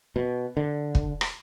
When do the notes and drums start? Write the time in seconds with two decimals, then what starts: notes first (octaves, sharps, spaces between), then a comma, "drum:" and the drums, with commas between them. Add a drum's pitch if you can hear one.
0.16 B2
0.57 D3
0.95 drum: kick
1.21 drum: rim click